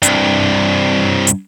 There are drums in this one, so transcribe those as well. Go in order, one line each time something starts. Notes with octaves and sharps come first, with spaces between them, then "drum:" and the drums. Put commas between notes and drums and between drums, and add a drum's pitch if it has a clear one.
C2 G2, drum: hi-hat
drum: hi-hat